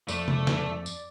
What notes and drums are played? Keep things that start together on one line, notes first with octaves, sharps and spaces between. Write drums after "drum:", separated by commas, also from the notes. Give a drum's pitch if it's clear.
F2 A3 D5, drum: tambourine
drum: tom C3
drum: snare
drum: tambourine